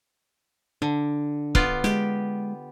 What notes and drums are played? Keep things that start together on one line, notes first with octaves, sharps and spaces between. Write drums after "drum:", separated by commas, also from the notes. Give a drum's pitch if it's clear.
D3 D4
B3 F4 D5, drum: kick
G#3 G4, drum: snare